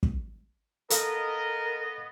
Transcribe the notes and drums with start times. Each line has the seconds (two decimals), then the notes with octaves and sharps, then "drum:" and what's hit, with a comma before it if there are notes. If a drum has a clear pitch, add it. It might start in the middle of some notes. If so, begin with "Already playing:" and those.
0.03 drum: kick
0.90 B3 A4 A#4 D#5 F5, drum: hi-hat